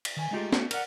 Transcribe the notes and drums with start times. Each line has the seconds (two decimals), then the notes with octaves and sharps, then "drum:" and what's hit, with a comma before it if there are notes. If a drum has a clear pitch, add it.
0.05 drum: cymbal
0.17 D#3 G#5
0.31 G#3 A3 D#4 F4 G4 G#4
0.53 A3 B3 F#4, drum: snare
0.71 A#4 D5 F#5, drum: cymbal